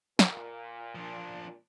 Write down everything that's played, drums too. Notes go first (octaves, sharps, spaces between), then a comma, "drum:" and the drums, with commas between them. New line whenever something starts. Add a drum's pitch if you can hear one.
A#2, drum: snare
F3 D4